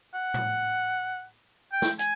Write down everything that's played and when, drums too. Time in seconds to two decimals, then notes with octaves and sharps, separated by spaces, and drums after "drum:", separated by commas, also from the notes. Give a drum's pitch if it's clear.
0.14 F#5
0.34 drum: tom A2
1.73 G5
1.82 drum: snare
1.99 G#5, drum: hi-hat